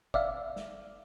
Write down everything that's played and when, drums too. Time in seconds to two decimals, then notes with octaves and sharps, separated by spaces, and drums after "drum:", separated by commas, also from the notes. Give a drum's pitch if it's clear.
0.14 D5 E5 F5, drum: kick
0.56 drum: snare